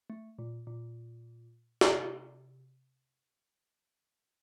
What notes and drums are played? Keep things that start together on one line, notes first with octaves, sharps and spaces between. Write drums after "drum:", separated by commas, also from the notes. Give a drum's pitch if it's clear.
A3
A#2
A#2
C3, drum: snare